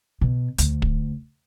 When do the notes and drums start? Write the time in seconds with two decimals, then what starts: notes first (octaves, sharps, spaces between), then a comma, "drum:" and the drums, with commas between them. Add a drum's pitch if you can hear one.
0.21 B2
0.58 D2, drum: hi-hat
0.82 drum: kick